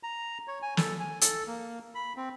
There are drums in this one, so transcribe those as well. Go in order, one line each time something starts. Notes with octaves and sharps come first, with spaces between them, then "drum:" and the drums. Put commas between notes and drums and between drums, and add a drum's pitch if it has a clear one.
A#5
C#5
G#5
A4, drum: snare
G#5
A4, drum: hi-hat
A#3
B5
C4